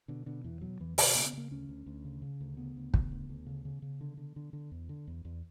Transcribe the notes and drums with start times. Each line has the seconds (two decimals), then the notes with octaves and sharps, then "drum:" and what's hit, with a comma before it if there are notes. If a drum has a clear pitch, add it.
0.08 B2 D3
0.26 B2 D3
0.44 E2 E3
0.61 B2 F#3
0.80 E2 E3
0.98 B2 D3, drum: open hi-hat
1.15 C#3 A#3
1.26 B3
1.33 C#3 A#3
1.51 D2 C#4
1.69 D2
1.86 D2
2.05 C#3
2.22 C#3
2.41 D2
2.57 C#3 B3
2.76 D2
2.94 C#3, drum: kick
3.12 D2
3.29 D2
3.46 C#3
3.65 C#3
3.82 C#3
4.01 D3
4.17 D3
4.36 D3
4.53 D3
4.71 E2
4.89 D3
5.07 E2
5.25 E2